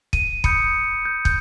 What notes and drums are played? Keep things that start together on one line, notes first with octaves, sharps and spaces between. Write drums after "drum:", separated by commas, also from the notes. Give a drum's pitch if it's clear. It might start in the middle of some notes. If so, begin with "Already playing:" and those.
D#7, drum: kick
B5 D#6 G6 C#7, drum: kick
G6
G6, drum: kick